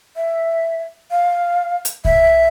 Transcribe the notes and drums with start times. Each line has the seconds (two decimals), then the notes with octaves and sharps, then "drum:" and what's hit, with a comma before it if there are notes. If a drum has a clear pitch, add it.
0.16 E5
1.11 F5
1.85 drum: hi-hat
2.05 E5, drum: kick C2